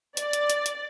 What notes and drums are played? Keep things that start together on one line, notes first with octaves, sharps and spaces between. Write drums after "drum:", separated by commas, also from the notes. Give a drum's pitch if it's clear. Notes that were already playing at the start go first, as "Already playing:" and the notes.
D5, drum: hi-hat
drum: hi-hat
drum: hi-hat
drum: hi-hat